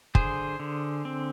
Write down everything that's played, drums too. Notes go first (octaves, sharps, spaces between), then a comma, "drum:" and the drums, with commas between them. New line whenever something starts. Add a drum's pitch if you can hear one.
D3 G#4 C5, drum: kick
D3
C4